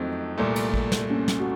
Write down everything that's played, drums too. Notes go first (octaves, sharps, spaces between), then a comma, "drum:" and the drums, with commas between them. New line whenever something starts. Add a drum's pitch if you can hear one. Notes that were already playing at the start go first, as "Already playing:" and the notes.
Already playing: F2 D#3 F#3 A3 C4 D#4
C2 A#2 A3
drum: cymbal
drum: kick A1
drum: snare
A#3 C#4
drum: snare
F#4